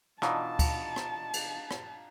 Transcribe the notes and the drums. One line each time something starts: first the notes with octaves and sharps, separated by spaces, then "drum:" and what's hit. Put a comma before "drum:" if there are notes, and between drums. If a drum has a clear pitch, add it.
B2 E3 D4 D#4 F4 A5, drum: rim click
drum: kick D2, cymbal
drum: rim click
drum: cymbal
drum: rim click